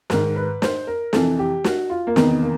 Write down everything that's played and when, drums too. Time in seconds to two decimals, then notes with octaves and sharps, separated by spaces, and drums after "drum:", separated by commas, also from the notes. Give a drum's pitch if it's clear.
0.10 G#2 D#3 A#4, drum: snare
0.36 B4
0.62 C5, drum: snare
0.87 A#4
1.13 F2 C3 E3 A4, drum: snare
1.39 G4
1.64 F#4, drum: snare
1.90 F4
2.07 A#3
2.16 E2 C3 D#3 B3, drum: snare
2.42 A#3